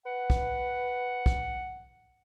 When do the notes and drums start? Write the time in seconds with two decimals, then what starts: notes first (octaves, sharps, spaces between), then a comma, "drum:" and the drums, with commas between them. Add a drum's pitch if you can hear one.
0.06 B4 F#5
0.30 drum: kick
1.26 drum: kick